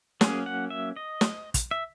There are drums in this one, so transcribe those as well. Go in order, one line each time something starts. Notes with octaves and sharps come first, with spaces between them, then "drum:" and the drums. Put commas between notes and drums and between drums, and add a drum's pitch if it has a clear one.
F#3 A#3 C#4 G#4, drum: snare
F#5
E5
D#5
drum: snare
drum: kick, hi-hat
E5